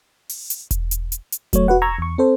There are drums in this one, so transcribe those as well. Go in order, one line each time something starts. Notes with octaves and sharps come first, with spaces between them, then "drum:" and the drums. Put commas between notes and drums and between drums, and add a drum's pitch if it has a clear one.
drum: open hi-hat
drum: hi-hat
drum: kick E1, hi-hat
drum: hi-hat
drum: hi-hat
drum: hi-hat
F#3 A3 C#5, drum: kick E1, hi-hat
F#4 B4 F#5
A#5 C#6 E6 G#6
E2 C#6
C4 A4 C5